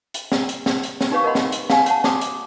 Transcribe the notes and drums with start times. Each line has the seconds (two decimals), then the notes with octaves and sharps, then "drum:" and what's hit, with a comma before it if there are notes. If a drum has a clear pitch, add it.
0.14 drum: hi-hat
0.32 drum: snare
0.49 drum: hi-hat
0.66 drum: snare
0.83 drum: hi-hat
1.01 drum: snare
1.11 D#4 G4 B4 C#5 F5 C#6
1.24 A#4 C#5 D#5 F#5 B5 C6
1.35 drum: snare
1.52 drum: hi-hat
1.70 F5 G#5, drum: snare
1.86 C#5 F#5 A5, drum: hi-hat
2.04 F#4 D6 D#6, drum: snare
2.21 drum: hi-hat